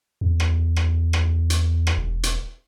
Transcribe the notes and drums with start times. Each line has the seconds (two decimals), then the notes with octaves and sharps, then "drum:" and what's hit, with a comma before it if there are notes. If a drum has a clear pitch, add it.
0.21 E2
0.40 drum: rim click
0.76 drum: rim click
1.13 drum: rim click
1.50 drum: hi-hat
1.87 drum: rim click
1.97 E1
2.23 drum: hi-hat